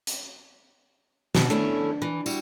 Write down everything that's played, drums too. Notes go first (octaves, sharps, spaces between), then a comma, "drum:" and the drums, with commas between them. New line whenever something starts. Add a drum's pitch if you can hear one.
drum: hi-hat
B2, drum: snare
A3 C#4 D4 E4
E3
G3 E4 F#4, drum: tambourine